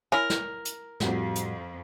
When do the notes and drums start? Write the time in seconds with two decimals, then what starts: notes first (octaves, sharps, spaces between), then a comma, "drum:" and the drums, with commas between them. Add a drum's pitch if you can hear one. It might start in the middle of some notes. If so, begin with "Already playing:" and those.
0.12 E4 A#4 C#5 G#5
0.30 drum: snare
0.65 drum: hi-hat
1.00 F2 A2 G3 F#4, drum: snare
1.35 drum: hi-hat